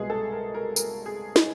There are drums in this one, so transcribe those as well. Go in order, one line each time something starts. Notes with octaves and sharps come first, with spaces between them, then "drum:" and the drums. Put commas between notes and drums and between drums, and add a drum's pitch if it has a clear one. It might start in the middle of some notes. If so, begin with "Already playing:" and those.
Already playing: C2 B2 G#3 G#4
A4
A#4
A#4
A#4, drum: tambourine
G#4
D#4, drum: snare